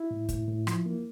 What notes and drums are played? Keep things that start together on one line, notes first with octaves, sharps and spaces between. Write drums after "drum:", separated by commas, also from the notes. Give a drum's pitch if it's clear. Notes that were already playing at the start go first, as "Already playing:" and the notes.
Already playing: E4
A2
A2, drum: kick, hi-hat
A2
F3, drum: rim click
A#3